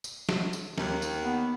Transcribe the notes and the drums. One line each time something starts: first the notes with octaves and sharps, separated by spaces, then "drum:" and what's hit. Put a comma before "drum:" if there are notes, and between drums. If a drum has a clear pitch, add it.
drum: tambourine
drum: snare
drum: tambourine
D#2, drum: snare
drum: tambourine
B3